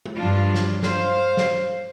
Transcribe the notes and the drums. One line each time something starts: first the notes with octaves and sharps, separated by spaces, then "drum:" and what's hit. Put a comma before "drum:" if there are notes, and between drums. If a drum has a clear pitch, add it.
drum: tom G#3
G2 F3 D4 F4
drum: snare
C5 F5, drum: snare
drum: snare